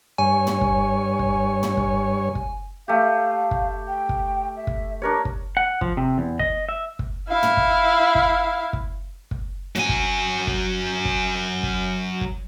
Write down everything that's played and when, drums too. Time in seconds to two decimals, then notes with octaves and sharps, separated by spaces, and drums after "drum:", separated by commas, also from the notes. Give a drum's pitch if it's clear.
0.18 G2 C#5 G#5
0.47 drum: tom
0.61 drum: kick
1.19 drum: kick
1.63 drum: tom
1.77 drum: kick
2.35 drum: kick
2.88 A3 G4 F5
3.51 drum: kick
3.88 G5
4.09 drum: kick
4.56 E5
4.67 drum: kick
5.02 D4 G4 A#4 C#5
5.25 drum: kick
5.57 F#5
5.81 F3, drum: kick
5.97 C3
6.18 E2
6.39 D#5, drum: kick
6.69 E5
6.99 drum: kick
7.28 E4 F5
7.43 drum: tom
7.57 drum: kick
8.15 drum: kick
8.73 drum: kick
9.31 drum: kick
9.76 F#3 G#5, drum: tom
9.89 drum: kick
10.47 drum: kick
11.05 drum: kick
11.63 drum: kick
12.21 drum: kick